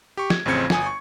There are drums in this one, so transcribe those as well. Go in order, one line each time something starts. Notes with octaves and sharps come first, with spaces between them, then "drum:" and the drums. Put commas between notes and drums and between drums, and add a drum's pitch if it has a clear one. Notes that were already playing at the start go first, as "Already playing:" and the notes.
G4 C#6
G#6, drum: snare
A1 F2 C#3 C4 G#6 C#7
G1 G#5 D#6, drum: snare
C#6